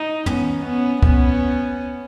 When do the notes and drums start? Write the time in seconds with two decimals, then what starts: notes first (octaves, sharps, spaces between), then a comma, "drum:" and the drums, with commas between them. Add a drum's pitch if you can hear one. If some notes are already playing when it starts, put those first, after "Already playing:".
Already playing: D#4
0.26 B3 C#4, drum: tom F#2
0.64 B3 C#4
1.03 B3 C#4, drum: kick